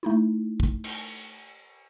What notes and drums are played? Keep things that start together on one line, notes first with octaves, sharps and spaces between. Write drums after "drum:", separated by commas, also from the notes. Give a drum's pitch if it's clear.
A3 D#4 E4
drum: kick
drum: cymbal